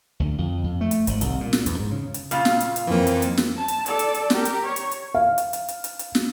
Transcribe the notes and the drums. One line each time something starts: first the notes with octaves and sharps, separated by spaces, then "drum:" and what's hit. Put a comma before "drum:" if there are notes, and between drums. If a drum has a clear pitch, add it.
D2
F2
F2
A3
drum: hi-hat
G#1, drum: hi-hat
C2, drum: hi-hat
A#2
drum: snare
E2, drum: hi-hat
G#2
C#3
drum: hi-hat
A#2 C#3 F4 F5, drum: hi-hat
drum: snare
drum: hi-hat
drum: hi-hat
F2 E3 A#3
drum: hi-hat
drum: hi-hat
drum: snare
A5
drum: hi-hat
A4 D5, drum: hi-hat
drum: hi-hat
drum: hi-hat
G4 A#4, drum: snare
drum: hi-hat
C#5
drum: hi-hat
drum: hi-hat
F5
drum: hi-hat
drum: hi-hat
drum: hi-hat
drum: hi-hat
drum: hi-hat
drum: snare